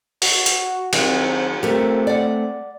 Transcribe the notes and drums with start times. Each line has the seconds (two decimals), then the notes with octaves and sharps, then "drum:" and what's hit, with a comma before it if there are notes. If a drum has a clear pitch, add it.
0.22 F#4, drum: open hi-hat
0.46 drum: hi-hat
0.93 D#3 F#3 C4 G#4 C5, drum: cymbal
1.63 F3 A3 C4 G4 A#4
2.07 D5 F#5